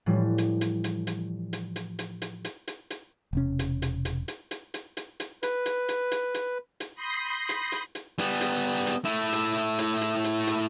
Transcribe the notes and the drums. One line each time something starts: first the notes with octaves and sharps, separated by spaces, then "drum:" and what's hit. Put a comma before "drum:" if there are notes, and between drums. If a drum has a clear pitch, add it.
A2 E3 F3 G3
drum: hi-hat
drum: hi-hat
drum: hi-hat
drum: hi-hat
drum: hi-hat
drum: hi-hat
drum: hi-hat
drum: hi-hat
drum: hi-hat
drum: hi-hat
drum: hi-hat
E1 C3 C#4
drum: hi-hat
drum: hi-hat
drum: hi-hat
drum: hi-hat
drum: hi-hat
drum: hi-hat
drum: hi-hat
drum: hi-hat
B4, drum: hi-hat
drum: hi-hat
drum: hi-hat
drum: hi-hat
drum: hi-hat
drum: hi-hat
B5 C6 D#6 G6 A#6 C7
drum: hi-hat
drum: hi-hat
drum: hi-hat
G3 B3, drum: hi-hat
drum: hi-hat
drum: hi-hat
A3 E4
drum: hi-hat
drum: hi-hat
drum: hi-hat
drum: hi-hat
drum: hi-hat